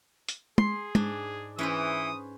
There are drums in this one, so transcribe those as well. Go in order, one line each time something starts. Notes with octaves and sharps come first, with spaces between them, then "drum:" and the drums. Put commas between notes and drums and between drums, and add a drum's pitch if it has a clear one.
drum: hi-hat
G#4 C6, drum: tom
G#2 D4, drum: tom
E3 C#4 B4 C5 D#6